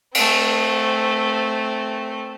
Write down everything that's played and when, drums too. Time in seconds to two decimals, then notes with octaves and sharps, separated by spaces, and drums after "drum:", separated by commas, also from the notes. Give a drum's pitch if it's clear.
0.15 A3 C4, drum: cymbal